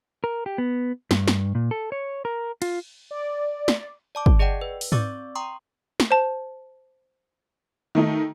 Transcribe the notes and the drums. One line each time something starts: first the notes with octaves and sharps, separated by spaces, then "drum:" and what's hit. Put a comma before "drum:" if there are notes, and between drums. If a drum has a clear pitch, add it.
A#4
G4
B3
G2, drum: snare
drum: snare
A#2
A4
C#5
A#4
F4, drum: cymbal
D5
drum: snare
D5 A5 D6
drum: kick
G#4 D5 D#5 F#5 G5
B4
drum: open hi-hat
C4 D5 C#6 D6 E6 A6, drum: tom G#2
G5 A#5 C6 C#6 D#6
drum: snare
C5 A5
D#3 A3 D#4